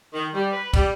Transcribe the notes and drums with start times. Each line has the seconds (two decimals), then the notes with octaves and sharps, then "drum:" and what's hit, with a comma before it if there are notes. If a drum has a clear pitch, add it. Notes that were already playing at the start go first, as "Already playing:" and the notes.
0.14 D#3
0.34 G3
0.53 B4
0.74 G3, drum: kick, cymbal